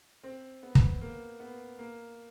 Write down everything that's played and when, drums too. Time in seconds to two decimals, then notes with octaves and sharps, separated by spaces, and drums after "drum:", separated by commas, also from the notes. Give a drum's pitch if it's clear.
0.24 C4
0.63 B3
0.75 drum: kick
1.01 A#3
1.40 B3
1.78 A#3